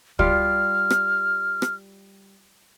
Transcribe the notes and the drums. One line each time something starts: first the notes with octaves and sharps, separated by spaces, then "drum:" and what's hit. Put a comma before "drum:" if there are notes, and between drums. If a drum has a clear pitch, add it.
G3 F4 F6, drum: kick
drum: rim click
drum: rim click